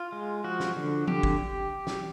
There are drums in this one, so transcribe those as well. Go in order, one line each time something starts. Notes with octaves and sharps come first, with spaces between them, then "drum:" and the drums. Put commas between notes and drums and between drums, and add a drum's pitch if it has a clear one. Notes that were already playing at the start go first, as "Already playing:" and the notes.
Already playing: F4
G#3
F3 F#4
drum: snare
D3
D3 G4, drum: tom F3
drum: kick
drum: snare